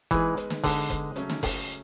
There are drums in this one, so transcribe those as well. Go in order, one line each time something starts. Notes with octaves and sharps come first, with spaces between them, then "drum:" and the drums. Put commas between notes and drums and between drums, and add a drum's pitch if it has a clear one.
E3 G#3 B3 D#4 G#4 B4, drum: kick F#1, hi-hat
drum: hi-hat
drum: snare
D3 G#3 B3 D#4 G#4 B4, drum: kick F#1, open hi-hat
drum: kick F#1, hi-hat
C#3 F#3 A3 C#4, drum: hi-hat
drum: snare
drum: kick F#1, open hi-hat